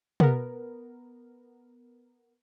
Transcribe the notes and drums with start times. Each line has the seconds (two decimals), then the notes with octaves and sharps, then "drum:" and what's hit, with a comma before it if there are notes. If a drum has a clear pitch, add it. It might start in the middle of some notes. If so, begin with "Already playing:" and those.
0.20 B3 A#4, drum: tom